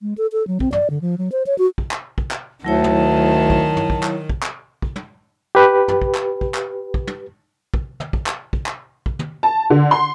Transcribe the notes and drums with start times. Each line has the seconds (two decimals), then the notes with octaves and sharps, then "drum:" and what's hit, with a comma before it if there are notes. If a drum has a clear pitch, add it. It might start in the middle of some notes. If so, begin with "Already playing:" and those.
0.02 G#3
0.18 A4
0.32 A4
0.47 F#3
0.60 C4, drum: kick
0.72 D5, drum: tom
0.90 D3
1.01 F3
1.18 F#3
1.32 C5
1.46 C#5
1.58 F#4
1.78 drum: kick
1.91 drum: clap
2.18 drum: kick
2.31 drum: clap
2.65 D2 D#3 F#3 E4 C#5 A5
2.84 drum: tom
3.50 drum: kick
3.77 drum: tom
3.90 drum: kick
4.03 drum: clap
4.29 drum: kick
4.43 drum: clap
4.82 drum: kick
4.96 drum: tom
5.55 G4 B4
5.88 drum: tom
6.02 drum: kick
6.15 drum: clap
6.41 drum: kick
6.54 drum: clap
6.94 drum: kick
7.07 drum: tom
7.74 drum: kick
8.00 drum: tom
8.13 drum: kick
8.27 drum: clap
8.53 drum: kick
8.66 drum: clap
9.06 drum: kick
9.19 drum: tom
9.43 A5
9.70 D3
9.91 C6